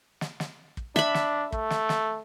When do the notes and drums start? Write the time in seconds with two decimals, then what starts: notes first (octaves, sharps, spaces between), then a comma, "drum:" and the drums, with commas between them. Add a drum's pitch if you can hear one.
0.21 drum: snare
0.40 drum: snare
0.77 drum: kick
0.96 D4 E5 B5, drum: snare
1.14 drum: snare
1.52 A3, drum: kick
1.70 drum: snare
1.89 drum: snare